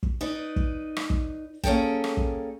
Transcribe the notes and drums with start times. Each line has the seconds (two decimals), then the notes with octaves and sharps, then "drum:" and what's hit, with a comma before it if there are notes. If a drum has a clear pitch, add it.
0.03 drum: kick
0.21 D#4 B4 D5
0.56 drum: kick
0.96 drum: rim click
1.10 drum: kick
1.64 A#3 C#4 G#4 A4 G5, drum: kick
2.04 drum: rim click
2.17 drum: kick